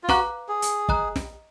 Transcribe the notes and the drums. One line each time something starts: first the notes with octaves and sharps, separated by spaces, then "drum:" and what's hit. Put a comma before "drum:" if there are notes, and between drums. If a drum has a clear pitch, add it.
F4
F#4 B4 F5 A#5 D6 F#6, drum: snare
G#4
drum: hi-hat
D#5 A#5 D#6 F#6, drum: kick
drum: snare